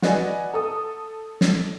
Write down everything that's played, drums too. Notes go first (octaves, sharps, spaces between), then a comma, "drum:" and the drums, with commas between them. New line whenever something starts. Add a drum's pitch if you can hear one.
F#4 B4 D5 D#5 F#5 G#5, drum: snare
A4 D#6
drum: snare